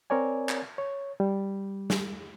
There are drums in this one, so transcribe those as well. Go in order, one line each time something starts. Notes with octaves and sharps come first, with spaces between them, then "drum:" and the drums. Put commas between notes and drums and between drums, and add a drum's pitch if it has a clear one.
C4 A#4 C#5 D5 G#5
drum: clap
C#5
G3
drum: snare